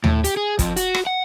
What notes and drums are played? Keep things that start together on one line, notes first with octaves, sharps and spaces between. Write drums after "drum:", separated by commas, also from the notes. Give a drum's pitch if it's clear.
A2, drum: tom D#2
G4, drum: hi-hat
G#4
F2, drum: kick, hi-hat
F#4, drum: hi-hat
drum: rim click
F#5